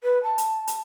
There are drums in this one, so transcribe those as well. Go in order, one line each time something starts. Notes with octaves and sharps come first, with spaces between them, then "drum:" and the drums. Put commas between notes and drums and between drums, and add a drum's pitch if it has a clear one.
B4
A5
drum: hi-hat
drum: hi-hat